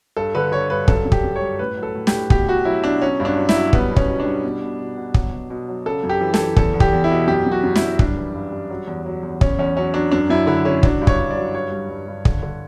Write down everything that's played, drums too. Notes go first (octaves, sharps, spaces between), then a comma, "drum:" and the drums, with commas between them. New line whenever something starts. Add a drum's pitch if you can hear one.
G2 A4
D3 B4
D3 C#5
G2 B4
F#2 A4, drum: kick
F#2
G4, drum: kick
F#2
C#5
G3
A2 B4
F#3
A4
A2
G4, drum: snare
A2
B2 G4, drum: kick
B2 F#4
F#3 E4
B2 D4
F#3 C#4
G2
D4
F#3
E4, drum: snare
F#3
G3 B3, drum: kick
B2
C#4, drum: kick
B2
D4
G3
B2
B2
B2
B2
F#3, drum: kick
B2
B2
F#3
C#3 A4
F#2
G4
E3
E3 A4, drum: snare
E2 A4, drum: kick
E2
G4, drum: kick
E2
E4
B2
F#2 G4
F#2
F#4
F#2
E4, drum: snare
F#2
G3 D4, drum: kick
E3
G2
G3
F#3
E2
F#3
E2
E2 C#4, drum: kick
E2 C#4
F#3 C#4
F#3 D4
F#2 D4
F#2 E4
D3 E4
D3 C#4
F#3 D4, drum: kick
G2
C#5, drum: kick
G2
D5
F#3
G2 C#5
G3
G2
G2
D3, drum: kick
D3